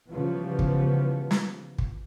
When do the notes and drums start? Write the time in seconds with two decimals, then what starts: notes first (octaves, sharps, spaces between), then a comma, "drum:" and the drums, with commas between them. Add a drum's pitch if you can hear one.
0.11 C#3 E3 F3 G3 B3
0.59 drum: kick
1.31 drum: snare
1.78 drum: kick